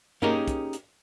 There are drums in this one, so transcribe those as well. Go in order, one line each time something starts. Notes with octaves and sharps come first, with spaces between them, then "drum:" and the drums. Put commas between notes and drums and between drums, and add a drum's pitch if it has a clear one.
A#3 C#4 D#4 G4 G#4 A#4, drum: tom G2
drum: kick, hi-hat
drum: hi-hat